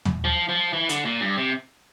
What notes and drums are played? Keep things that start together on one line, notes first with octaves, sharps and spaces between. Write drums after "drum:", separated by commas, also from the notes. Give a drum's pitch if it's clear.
drum: tom
F3
F3
E3
D3, drum: hi-hat
A#2
G2
C3